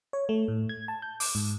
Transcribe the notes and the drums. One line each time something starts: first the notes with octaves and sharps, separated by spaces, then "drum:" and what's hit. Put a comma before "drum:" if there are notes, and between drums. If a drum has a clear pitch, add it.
C#5
A3
A2
G#6
A5
G6
D6, drum: open hi-hat
G#2